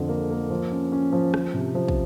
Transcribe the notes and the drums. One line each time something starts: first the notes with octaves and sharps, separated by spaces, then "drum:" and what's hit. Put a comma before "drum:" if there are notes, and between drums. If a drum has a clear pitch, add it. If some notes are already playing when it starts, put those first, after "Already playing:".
Already playing: F2 D3
A#3
A#3
F3
C#4
C#4
F3
F3, drum: rim click
C3
F3
drum: kick